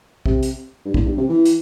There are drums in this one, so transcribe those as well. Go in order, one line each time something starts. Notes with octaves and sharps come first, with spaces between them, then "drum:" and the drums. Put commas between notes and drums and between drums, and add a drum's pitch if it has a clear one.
C3, drum: kick
drum: hi-hat
G2
E2, drum: kick
G2
C3
E3
drum: hi-hat